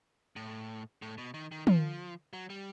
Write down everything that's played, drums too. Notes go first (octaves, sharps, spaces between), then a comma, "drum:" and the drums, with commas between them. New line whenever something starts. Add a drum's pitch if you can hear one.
A2
A2
B2
D#3
D#3
F3, drum: tom
F#3
G3